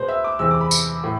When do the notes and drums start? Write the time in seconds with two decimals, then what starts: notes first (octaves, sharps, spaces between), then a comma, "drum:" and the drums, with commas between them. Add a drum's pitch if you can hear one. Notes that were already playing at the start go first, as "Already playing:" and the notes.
Already playing: B2 G#3 B4 C5
0.08 E5
0.24 D6
0.39 E2 C3 E3 G#3 E6
0.51 D6
0.61 B5
0.71 drum: tambourine
1.04 A2